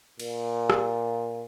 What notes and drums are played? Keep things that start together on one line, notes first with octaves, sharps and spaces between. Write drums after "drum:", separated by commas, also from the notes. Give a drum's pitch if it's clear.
A#2, drum: cymbal
drum: rim click